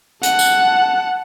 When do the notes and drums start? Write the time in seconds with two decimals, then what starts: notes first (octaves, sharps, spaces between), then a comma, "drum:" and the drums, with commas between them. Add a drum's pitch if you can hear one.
0.23 F#5 A5, drum: hi-hat
0.39 drum: tambourine